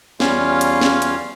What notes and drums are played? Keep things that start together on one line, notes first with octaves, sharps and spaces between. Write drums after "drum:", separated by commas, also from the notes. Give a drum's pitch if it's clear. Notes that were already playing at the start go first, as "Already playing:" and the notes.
E2 G3 C#4 F4 C#5 F5, drum: snare
drum: hi-hat
drum: snare
drum: hi-hat